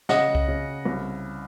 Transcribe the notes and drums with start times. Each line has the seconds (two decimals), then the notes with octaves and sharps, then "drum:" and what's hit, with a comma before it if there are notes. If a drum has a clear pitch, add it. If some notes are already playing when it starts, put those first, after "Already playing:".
0.09 C#3 D#5 F#5, drum: snare
0.35 drum: kick C2
0.48 C#3
0.86 C2